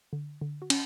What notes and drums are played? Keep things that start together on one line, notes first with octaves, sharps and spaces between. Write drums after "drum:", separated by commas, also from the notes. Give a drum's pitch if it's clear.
D3
D3
F#4
C#4, drum: cymbal